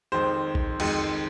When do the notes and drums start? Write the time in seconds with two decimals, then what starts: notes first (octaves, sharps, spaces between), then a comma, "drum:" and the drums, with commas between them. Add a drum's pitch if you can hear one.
0.12 F2 D#3 G#3 C5
0.55 drum: kick A1
0.80 F2 D#3 G#3, drum: cymbal